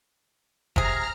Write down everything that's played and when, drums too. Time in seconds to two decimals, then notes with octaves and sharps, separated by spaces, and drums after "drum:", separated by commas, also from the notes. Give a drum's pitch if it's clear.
0.76 C3 G#4 A#5 F6 A#6, drum: kick F#1